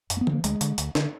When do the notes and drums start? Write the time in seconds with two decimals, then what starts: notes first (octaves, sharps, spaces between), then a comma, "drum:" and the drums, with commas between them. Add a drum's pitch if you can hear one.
0.10 F#2, drum: hi-hat
0.17 A#3
0.21 B3
0.27 D3, drum: tom E3
0.33 A#3
0.44 D2 G#3, drum: hi-hat
0.61 D3, drum: hi-hat
0.78 D2, drum: hi-hat
0.95 D3, drum: snare